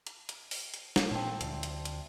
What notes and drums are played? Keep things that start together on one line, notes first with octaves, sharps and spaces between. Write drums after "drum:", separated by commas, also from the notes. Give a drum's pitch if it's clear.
drum: hi-hat
drum: hi-hat
drum: open hi-hat
drum: hi-hat
drum: snare
A#2 A3 C4 C5 A5
D2, drum: hi-hat
drum: hi-hat
drum: hi-hat